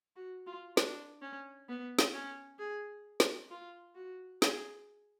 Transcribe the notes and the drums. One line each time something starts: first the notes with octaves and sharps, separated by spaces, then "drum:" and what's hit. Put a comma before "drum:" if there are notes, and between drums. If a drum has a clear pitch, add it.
F#4
F4
D4, drum: snare
C#4
B3
drum: snare
C#4
G#4
drum: snare
F4
F#4
G#4, drum: snare